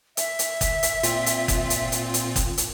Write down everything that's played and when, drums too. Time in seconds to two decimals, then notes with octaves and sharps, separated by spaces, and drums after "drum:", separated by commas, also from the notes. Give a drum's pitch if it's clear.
0.17 E5, drum: hi-hat
0.39 drum: hi-hat
0.61 drum: kick F#1, hi-hat
0.83 drum: hi-hat
1.03 A#2 C4 F4, drum: hi-hat
1.26 drum: hi-hat
1.48 drum: kick F#1, hi-hat
1.70 drum: hi-hat
1.92 drum: hi-hat
2.14 drum: hi-hat
2.36 drum: kick F#1, hi-hat
2.58 drum: hi-hat